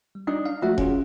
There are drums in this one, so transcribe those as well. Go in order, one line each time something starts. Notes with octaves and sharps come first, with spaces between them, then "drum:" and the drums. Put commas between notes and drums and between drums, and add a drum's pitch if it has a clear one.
G3
D4 D#4
F5
F3 A3 F#4 E5
C#4 F4 G#4, drum: kick E1